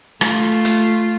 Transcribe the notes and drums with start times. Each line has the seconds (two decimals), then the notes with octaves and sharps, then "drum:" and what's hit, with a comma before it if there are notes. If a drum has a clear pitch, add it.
0.21 A3 F4, drum: rim click
0.65 drum: hi-hat